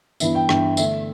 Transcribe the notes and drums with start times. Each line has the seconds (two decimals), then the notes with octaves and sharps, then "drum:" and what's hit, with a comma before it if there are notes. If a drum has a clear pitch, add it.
0.20 G2 E3 B3 E4 E5, drum: tambourine
0.35 G5
0.49 G2 E3 B3 E4 G5, drum: rim click
0.77 D3 A3 D4 E5, drum: tambourine